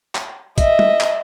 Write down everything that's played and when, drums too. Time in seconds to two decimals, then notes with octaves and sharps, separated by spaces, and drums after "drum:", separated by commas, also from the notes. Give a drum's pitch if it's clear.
0.15 drum: clap
0.58 D#5 E5, drum: kick, hi-hat
0.79 drum: tom
1.00 drum: clap